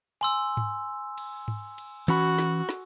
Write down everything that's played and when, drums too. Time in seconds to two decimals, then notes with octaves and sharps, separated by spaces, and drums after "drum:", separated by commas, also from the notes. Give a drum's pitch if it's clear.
0.21 G#5 C6 E6
0.57 drum: tom G#2
1.18 drum: cymbal
1.48 drum: tom G#2
1.78 drum: cymbal
2.08 E3 C#4 F#4 B5, drum: cymbal
2.39 drum: snare
2.69 drum: snare